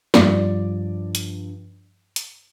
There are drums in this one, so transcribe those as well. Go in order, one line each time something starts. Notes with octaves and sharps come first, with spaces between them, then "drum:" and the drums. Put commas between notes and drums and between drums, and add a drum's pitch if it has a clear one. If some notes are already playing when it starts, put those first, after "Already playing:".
G2 F3 D5, drum: snare
drum: hi-hat
drum: hi-hat